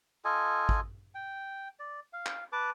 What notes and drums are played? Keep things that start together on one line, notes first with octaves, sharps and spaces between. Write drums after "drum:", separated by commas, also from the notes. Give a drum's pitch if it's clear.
F4 A4 D#5 G#5
drum: kick G#1
G5
D5
F5
drum: clap
B4 A5 D6